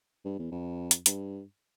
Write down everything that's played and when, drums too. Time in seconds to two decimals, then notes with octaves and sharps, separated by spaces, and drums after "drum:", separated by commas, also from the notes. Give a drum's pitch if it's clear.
0.25 G2
0.39 E2
0.51 F2
0.91 drum: hi-hat
1.06 G2, drum: hi-hat